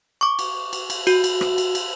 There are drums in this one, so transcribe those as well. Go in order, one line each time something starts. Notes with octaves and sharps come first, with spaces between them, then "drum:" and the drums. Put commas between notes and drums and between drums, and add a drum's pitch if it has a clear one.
C#6 D6
drum: cymbal
drum: cymbal
drum: cymbal
F#4, drum: cymbal
drum: cymbal
drum: rim click
drum: cymbal
drum: cymbal